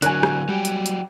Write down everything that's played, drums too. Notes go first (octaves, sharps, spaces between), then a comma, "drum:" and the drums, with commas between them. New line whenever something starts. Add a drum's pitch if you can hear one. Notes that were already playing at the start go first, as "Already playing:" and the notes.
D3 F#3 D4 A#4 C#5 G#5 F#6, drum: hi-hat
drum: rim click
F#3 G3 G4
drum: hi-hat
drum: hi-hat